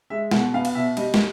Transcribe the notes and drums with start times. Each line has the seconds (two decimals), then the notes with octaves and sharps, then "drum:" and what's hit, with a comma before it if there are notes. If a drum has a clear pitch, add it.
0.10 G#3 E5
0.31 B2 F#5, drum: snare
0.54 B3 F5
0.65 drum: cymbal
0.75 B2 E5
0.97 G3 D#5, drum: cymbal
1.14 drum: snare